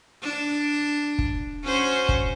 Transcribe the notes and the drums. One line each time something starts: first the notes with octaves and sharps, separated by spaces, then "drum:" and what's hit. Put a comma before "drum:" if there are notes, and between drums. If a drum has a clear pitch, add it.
D4
drum: kick
C#4 F#4 C5
drum: kick